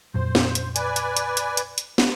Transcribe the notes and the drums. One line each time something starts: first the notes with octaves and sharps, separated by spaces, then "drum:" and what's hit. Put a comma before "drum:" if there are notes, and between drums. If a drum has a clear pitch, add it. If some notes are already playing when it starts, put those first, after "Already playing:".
F2 A#2 F#3 C5
drum: snare
drum: hi-hat
B4 D5 G#5, drum: hi-hat
drum: hi-hat
drum: hi-hat
drum: hi-hat
drum: hi-hat
drum: hi-hat
drum: snare